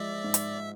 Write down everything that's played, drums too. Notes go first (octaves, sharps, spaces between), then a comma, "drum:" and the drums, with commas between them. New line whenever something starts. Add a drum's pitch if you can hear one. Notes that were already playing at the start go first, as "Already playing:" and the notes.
Already playing: F3 G#3 D5 E5
G#2
drum: hi-hat